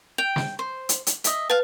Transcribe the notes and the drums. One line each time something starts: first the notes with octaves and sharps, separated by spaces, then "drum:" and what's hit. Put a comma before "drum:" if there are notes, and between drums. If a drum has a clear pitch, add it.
G5 F7
drum: snare
C5
drum: hi-hat
drum: hi-hat
D#5 E5, drum: hi-hat
B4 F5 A5